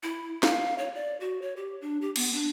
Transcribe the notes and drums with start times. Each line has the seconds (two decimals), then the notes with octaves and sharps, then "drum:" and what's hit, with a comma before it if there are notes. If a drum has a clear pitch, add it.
0.03 E4
0.43 F5, drum: snare
0.78 C#5
0.95 D5
1.20 F#4
1.42 C#5
1.57 G4
1.81 D4
2.01 G4
2.16 B3, drum: cymbal
2.34 D4